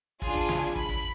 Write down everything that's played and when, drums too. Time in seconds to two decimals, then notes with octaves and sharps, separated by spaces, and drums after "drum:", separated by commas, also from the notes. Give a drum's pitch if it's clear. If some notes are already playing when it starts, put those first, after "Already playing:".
0.22 D4 F4 G#4 G#5, drum: kick, hi-hat
0.35 drum: kick, open hi-hat
0.49 drum: snare
0.62 drum: open hi-hat
0.76 B5, drum: kick, hi-hat
0.89 drum: kick, open hi-hat